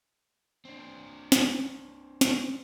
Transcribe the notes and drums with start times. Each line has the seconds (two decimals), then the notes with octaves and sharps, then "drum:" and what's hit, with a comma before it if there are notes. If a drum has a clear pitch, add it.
0.65 C4 D4
1.32 drum: snare
2.21 drum: snare